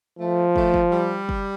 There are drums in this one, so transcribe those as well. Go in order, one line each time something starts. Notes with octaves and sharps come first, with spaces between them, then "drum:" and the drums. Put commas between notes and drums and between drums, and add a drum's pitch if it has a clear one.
F3 A3
A3, drum: kick
drum: kick
G3
drum: kick